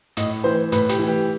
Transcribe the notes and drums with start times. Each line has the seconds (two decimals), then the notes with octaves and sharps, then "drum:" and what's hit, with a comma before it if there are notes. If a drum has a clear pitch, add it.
0.17 A2 D#5, drum: hi-hat
0.44 E3 C5
0.72 A2 B4, drum: hi-hat
0.89 G4, drum: hi-hat
0.99 E3
1.07 G4